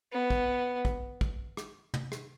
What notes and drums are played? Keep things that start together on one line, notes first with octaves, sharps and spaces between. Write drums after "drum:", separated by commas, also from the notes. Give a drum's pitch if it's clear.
B3
drum: kick
drum: kick
drum: kick
drum: rim click
drum: tom
drum: rim click